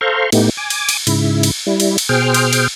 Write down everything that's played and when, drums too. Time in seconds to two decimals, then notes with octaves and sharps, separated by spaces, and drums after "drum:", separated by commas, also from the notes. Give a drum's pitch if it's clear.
0.01 A4 C5 F5 A#5 C6 C#6
0.32 A2 A3 B3 D#4 G4, drum: cymbal
0.57 G#5 D6
0.70 drum: cymbal
0.89 drum: cymbal
1.07 G#2 C#3 E4, drum: cymbal
1.43 drum: cymbal
1.67 G3 E4
1.80 drum: cymbal
1.98 drum: cymbal
2.09 B2 G#4 C5 G5 F6
2.34 drum: cymbal
2.53 drum: cymbal